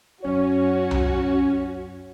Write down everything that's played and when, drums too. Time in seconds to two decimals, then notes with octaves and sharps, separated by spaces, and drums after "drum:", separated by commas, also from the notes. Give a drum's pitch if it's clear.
0.24 F#2 C#4 F#4 C#5
0.91 drum: tom C2